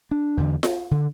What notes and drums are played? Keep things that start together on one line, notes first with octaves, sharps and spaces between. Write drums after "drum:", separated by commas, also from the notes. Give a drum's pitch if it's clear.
D4
E2 D3
drum: snare F4
D3